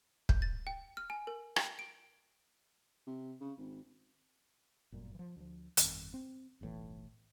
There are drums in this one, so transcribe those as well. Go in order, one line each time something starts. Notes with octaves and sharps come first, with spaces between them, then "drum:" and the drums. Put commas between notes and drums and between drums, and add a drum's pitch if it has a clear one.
G6, drum: kick
A6
G5
F6
G#5
A#4
G5, drum: rim click
D7
C3
C#3
G#1
G1 F#2 A#2
E3 F3
D2 F3
G1 F2 D#3, drum: hi-hat
C4
F#1 B1 A2 E3